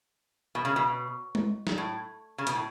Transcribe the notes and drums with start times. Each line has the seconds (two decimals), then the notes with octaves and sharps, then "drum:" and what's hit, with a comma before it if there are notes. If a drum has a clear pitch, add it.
0.55 B2
0.65 C#3
0.76 B2
1.35 drum: tom G#3
1.67 drum: snare
1.78 A2
2.38 C#3
2.47 B2, drum: hi-hat
2.55 A2